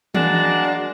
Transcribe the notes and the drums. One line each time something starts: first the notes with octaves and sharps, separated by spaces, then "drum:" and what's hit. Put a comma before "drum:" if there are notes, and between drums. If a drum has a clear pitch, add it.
G#3 A#3 D4 F#4 G#4, drum: tom E3